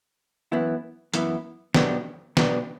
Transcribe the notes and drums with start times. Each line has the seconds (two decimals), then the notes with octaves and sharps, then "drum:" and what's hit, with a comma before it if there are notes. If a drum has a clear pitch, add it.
0.52 F#2 E3 B3 E4
1.14 F#2 E3 B3 E4, drum: hi-hat
1.74 B2 F#3 B3 D4 G4, drum: snare
2.37 B2 F#3 B3 D4 G4, drum: snare